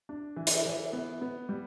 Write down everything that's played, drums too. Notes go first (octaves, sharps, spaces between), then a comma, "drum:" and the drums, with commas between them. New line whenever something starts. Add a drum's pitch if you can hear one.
D4
E3
drum: hi-hat
E3
B3
B3
G3